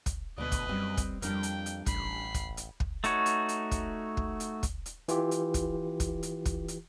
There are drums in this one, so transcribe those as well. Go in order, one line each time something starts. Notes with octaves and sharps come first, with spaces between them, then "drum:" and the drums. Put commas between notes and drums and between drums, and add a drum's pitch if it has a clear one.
drum: kick, hi-hat
D2 B2 B4 D5 D#5
drum: kick, hi-hat
F#2 G3 C4 G#5
drum: kick, hi-hat
F2 G3 D4 A#4 G5, drum: hi-hat
drum: hi-hat
drum: hi-hat
A1 B5 C7, drum: kick, hi-hat
drum: kick, hi-hat
drum: hi-hat
drum: kick
A3 D#4 F#4 C#5, drum: hi-hat
drum: hi-hat
drum: hi-hat
drum: kick, hi-hat
drum: kick
drum: hi-hat
drum: kick, hi-hat
drum: hi-hat
E3 F4 G4, drum: hi-hat
drum: hi-hat
drum: kick, hi-hat
drum: kick, hi-hat
drum: hi-hat
drum: kick, hi-hat
drum: hi-hat